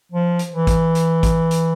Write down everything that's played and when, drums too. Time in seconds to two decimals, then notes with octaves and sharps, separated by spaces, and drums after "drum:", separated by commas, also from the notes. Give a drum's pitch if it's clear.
0.12 F3
0.39 drum: hi-hat
0.53 E3
0.67 drum: kick A1, hi-hat
0.95 drum: hi-hat
1.23 drum: kick A1, hi-hat
1.51 drum: hi-hat